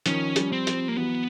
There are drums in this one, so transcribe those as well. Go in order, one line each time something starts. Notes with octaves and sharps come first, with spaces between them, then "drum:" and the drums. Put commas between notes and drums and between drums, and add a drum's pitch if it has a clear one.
D#3 F3 C#4, drum: hi-hat
F3 G3, drum: hi-hat
C4
F3 G3, drum: hi-hat
A#3
E3 F#3 B3